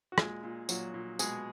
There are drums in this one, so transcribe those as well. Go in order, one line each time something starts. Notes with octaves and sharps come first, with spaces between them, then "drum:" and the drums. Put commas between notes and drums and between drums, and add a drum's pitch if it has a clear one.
F#4
A#2 G#3 G#4, drum: rim click
A#2
A#2 F#3 F#4, drum: tambourine
A#2
B2 G#3 G#4, drum: tambourine